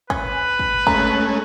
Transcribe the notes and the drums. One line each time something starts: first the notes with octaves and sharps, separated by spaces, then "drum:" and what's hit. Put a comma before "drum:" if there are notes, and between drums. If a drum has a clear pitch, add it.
C#4 B4, drum: kick
drum: kick
G#3 A3 C#4 A#5, drum: kick